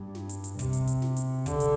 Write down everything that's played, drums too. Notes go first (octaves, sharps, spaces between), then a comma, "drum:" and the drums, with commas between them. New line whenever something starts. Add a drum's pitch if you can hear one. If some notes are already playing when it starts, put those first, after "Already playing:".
Already playing: G2
drum: snare
drum: hi-hat
drum: hi-hat
C3, drum: kick, hi-hat
drum: hi-hat
drum: hi-hat
drum: snare
drum: hi-hat
D3, drum: kick, hi-hat
drum: hi-hat